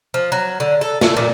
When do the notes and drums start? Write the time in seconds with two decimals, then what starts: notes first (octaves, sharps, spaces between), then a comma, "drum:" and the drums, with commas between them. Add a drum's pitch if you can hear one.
0.14 F3
0.32 F#3
0.60 D3
0.81 A4
1.01 A3, drum: snare
1.17 A#2